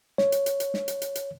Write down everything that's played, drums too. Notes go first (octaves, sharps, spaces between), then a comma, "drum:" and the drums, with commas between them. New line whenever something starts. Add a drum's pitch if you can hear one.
C#5, drum: snare
drum: hi-hat
drum: hi-hat
drum: hi-hat
drum: snare
drum: hi-hat
drum: hi-hat
drum: hi-hat